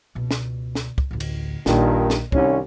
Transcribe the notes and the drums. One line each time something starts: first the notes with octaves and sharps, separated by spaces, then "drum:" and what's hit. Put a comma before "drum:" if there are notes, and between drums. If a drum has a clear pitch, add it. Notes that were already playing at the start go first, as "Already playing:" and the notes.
C#2 B2
drum: snare
drum: snare
drum: kick
A1 D2
drum: cymbal
A#1 G2 A#2 D#3, drum: snare
drum: snare
C2 D#3 C#4 D#4, drum: kick